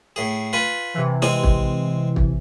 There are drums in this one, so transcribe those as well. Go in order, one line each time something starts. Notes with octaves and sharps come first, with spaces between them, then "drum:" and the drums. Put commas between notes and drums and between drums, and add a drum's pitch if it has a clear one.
A2 G#4
F4 B4 G#5
C3 E3
G#3 C4 G#5, drum: snare
drum: kick
drum: kick